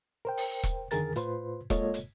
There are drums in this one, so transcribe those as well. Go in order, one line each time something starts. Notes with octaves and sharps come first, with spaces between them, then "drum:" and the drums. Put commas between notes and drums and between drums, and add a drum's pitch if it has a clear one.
A#4 C5 G5
drum: open hi-hat
drum: kick E1, hi-hat
F2 D3 D#3 G#4 A#4 A6, drum: hi-hat
A2 F4 B4 C5 C6, drum: hi-hat
G#3 A#3 F4 A4 C#5 D#5, drum: kick E1, hi-hat
drum: hi-hat